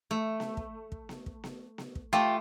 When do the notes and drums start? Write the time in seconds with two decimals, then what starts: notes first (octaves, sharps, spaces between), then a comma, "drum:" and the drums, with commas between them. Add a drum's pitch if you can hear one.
0.11 A3
0.40 drum: snare B3
0.57 drum: kick
0.92 drum: kick
1.09 drum: snare B3
1.26 drum: kick
1.44 drum: snare B3
1.78 drum: snare B3
1.95 drum: kick
2.13 A3 F4 G4